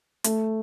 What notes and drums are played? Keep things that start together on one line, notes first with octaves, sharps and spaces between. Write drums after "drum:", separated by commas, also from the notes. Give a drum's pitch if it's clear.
A3, drum: hi-hat